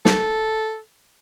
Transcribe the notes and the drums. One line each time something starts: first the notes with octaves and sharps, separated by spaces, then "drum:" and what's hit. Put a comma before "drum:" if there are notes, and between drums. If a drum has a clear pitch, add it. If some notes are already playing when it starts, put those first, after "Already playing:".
A4, drum: snare